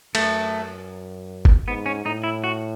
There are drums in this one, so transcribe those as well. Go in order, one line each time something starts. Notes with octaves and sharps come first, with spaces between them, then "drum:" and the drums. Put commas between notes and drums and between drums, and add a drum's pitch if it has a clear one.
F#2 A3, drum: cymbal
drum: kick G1
G#2 B3
C#4
A2 D#4
E4
F#4